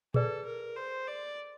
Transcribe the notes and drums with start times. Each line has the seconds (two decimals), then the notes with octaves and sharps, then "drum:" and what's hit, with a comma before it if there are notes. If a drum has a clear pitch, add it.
0.14 G#4 A4 B4 D5, drum: tom A#2
0.46 A#4
0.76 C5
1.08 D5